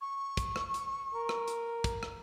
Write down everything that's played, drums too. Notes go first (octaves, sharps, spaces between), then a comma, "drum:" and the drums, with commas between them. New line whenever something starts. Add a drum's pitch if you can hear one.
C#6
drum: kick, hi-hat
drum: rim click
drum: hi-hat
A#4
drum: rim click
drum: hi-hat
drum: kick, hi-hat
drum: rim click